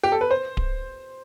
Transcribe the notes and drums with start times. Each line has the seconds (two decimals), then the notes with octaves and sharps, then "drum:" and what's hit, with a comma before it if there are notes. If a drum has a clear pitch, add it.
0.03 G4
0.12 A4
0.21 B4
0.31 C5
0.57 drum: kick D1